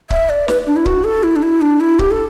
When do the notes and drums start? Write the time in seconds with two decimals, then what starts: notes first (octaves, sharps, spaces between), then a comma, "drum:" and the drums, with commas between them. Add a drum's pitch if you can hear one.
0.10 E5, drum: kick C#1
0.29 D5
0.48 B4, drum: snare
0.67 D4
0.76 E4
0.86 F#4, drum: kick C#1
1.04 A4
1.23 E4
1.36 D4
1.43 E4
1.61 D4
1.80 E4
1.99 G4, drum: kick C#1
2.11 A4